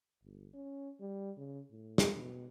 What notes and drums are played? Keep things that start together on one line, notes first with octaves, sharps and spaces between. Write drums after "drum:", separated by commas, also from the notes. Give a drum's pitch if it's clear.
G1
C#4
G3
C#3
A2
drum: snare
B2